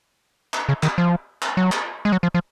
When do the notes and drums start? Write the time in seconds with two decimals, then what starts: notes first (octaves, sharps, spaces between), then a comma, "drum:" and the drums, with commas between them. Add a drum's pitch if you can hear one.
0.54 drum: clap
0.69 C#3
0.83 D#3, drum: clap
0.98 F3
1.42 drum: clap
1.57 F#3
1.72 drum: clap
2.05 G#3
2.12 F#3
2.23 F3
2.34 F3